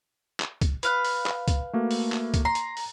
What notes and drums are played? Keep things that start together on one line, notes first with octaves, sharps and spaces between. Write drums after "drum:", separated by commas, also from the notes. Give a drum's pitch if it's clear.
drum: clap
drum: kick, hi-hat
B4 F5 F#6, drum: hi-hat
drum: open hi-hat
drum: clap
drum: kick, hi-hat
A3 A#3 F#4
drum: open hi-hat
drum: clap
drum: kick, hi-hat
A#5 C6
drum: hi-hat
drum: open hi-hat